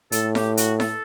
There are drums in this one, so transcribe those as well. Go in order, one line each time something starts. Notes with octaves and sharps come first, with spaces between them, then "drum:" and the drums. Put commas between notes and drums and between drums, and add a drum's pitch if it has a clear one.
A2 A4, drum: hi-hat
G4, drum: snare E4
F#4, drum: hi-hat
A4, drum: snare E4